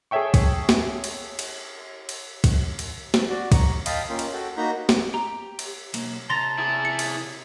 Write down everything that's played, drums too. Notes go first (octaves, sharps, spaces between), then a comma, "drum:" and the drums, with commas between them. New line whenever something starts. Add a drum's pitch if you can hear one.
G#4 A4 C#5 E5 G5 C#6
drum: kick, cymbal
drum: snare
drum: cymbal
drum: cymbal
drum: cymbal
drum: kick, cymbal
drum: cymbal
drum: snare
F#4 D5
A#5 C#6, drum: kick, cymbal
D#5 F5 G5 A5 B5 D#6, drum: cymbal
A#3 C#4 F4 G5
drum: cymbal
F#4 A4 G5
A#3 D#4 F#4 A#5 B5 G6
drum: snare
G4 A#5
drum: cymbal
B1 A#3, drum: cymbal
C3 A5 A#5 C6 A6 A#6
E4 G#4
C#7
drum: cymbal